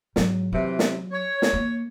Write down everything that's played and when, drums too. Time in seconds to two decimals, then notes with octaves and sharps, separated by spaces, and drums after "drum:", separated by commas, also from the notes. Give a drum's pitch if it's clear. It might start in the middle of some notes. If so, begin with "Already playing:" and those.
0.16 G#2 F#3, drum: snare
0.52 C3 E3 F#3
0.79 drum: snare
1.12 C#5
1.42 drum: snare
1.53 A#3